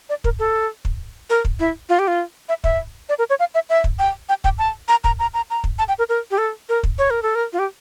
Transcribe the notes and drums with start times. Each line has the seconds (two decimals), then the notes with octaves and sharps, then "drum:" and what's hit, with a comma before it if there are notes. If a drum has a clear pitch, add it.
0.09 D5
0.24 A#4, drum: kick
0.39 A4
0.85 drum: kick
1.30 A#4
1.45 drum: kick
1.60 E4
1.89 F4
1.99 G4
2.08 F4
2.49 E5
2.64 E5, drum: kick
3.09 D5
3.19 A#4
3.30 C#5
3.40 F5
3.54 E5
3.70 E5
3.84 drum: kick
3.99 G5
4.29 G5
4.44 G5, drum: kick
4.58 A5
4.88 A#5
5.04 A#5, drum: kick
5.19 A#5
5.34 A#5
5.50 A#5
5.64 drum: kick
5.79 A5
5.88 G5
5.99 A#4
6.09 A#4
6.31 G4
6.38 A4
6.69 A#4
6.83 drum: kick
6.98 C#5
7.10 A#4
7.23 A4
7.35 A#4
7.53 F4
7.59 G4